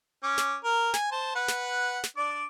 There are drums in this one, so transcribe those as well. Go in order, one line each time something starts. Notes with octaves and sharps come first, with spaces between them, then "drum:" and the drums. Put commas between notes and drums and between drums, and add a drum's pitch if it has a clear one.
C#4 D6
drum: snare
A#4
G#5, drum: snare
C5 A5
B4 F#5
drum: snare
drum: snare
D4 D5